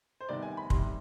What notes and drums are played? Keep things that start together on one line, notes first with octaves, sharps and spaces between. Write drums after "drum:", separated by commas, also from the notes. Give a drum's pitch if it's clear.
C5
C3 D#3 G3 B3 D5
G#5
B5
C3 D#3 G3 C6, drum: kick